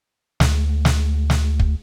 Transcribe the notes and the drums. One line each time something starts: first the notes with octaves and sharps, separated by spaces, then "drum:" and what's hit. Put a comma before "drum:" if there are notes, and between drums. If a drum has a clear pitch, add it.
D2, drum: snare
drum: snare
drum: snare
drum: kick